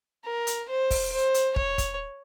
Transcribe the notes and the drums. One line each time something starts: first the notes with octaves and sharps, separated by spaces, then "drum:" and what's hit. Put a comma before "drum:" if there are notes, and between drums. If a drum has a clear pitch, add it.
A#4
drum: hi-hat
C5
drum: kick, open hi-hat
C5
drum: hi-hat
C#5, drum: kick
drum: kick, hi-hat